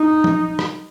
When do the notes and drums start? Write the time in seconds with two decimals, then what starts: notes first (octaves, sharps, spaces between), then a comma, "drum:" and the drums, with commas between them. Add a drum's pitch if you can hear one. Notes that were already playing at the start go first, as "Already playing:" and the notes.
Already playing: D#4
0.24 drum: tom F3
0.59 drum: rim click